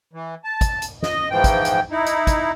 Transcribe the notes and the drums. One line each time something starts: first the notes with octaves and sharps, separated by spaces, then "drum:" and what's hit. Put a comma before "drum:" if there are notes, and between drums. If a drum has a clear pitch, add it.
E3
A5
drum: kick, hi-hat
drum: hi-hat
D#5, drum: snare
G#2 E3 F3 G5
drum: kick, hi-hat
drum: hi-hat
D#4 E4
drum: hi-hat
drum: kick, hi-hat